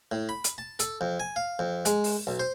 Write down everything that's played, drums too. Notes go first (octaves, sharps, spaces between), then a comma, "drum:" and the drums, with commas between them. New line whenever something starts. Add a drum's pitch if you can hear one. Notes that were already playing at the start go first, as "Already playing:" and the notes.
A2
B5
drum: hi-hat
A5
A4, drum: hi-hat
F2
G#5
F5
F2
G#3, drum: hi-hat
drum: open hi-hat
B1
C5